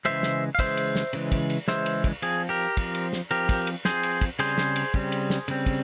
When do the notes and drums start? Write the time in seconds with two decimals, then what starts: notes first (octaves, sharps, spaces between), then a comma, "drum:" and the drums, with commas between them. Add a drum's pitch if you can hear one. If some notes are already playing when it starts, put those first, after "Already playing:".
0.05 C#3 E3 G#3 C5 E5, drum: cymbal
0.23 drum: snare
0.55 F5
0.59 C#3 E3 G#3 C5 E5, drum: kick, cymbal
0.77 drum: cymbal
0.95 drum: snare
1.13 C#3 E3 G#3, drum: cymbal
1.32 drum: kick, cymbal
1.50 drum: cymbal
1.68 C#3 E3 G#3 C5 E5, drum: snare
1.86 drum: cymbal
2.04 drum: kick, cymbal
2.22 F3 C4 G#4, drum: cymbal
2.49 G4 A#4
2.77 F3 C4, drum: kick, cymbal
2.95 drum: cymbal
3.13 drum: snare
3.31 F3 C4 G4 A#4, drum: cymbal
3.49 drum: kick, cymbal
3.67 drum: cymbal
3.85 F3 C4 G#4 C5, drum: snare
4.03 drum: cymbal
4.21 drum: kick, cymbal
4.39 C#3 G3 C4 G#4 C5, drum: cymbal
4.58 drum: snare
4.76 drum: cymbal
4.94 C#3 G3 C4, drum: kick
5.12 drum: cymbal
5.30 drum: snare
5.48 C#3 G3 C4, drum: cymbal
5.66 drum: kick, cymbal